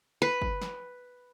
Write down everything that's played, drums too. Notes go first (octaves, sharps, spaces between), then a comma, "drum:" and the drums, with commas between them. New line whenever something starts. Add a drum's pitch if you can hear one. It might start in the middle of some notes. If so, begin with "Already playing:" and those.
B4
drum: kick
drum: snare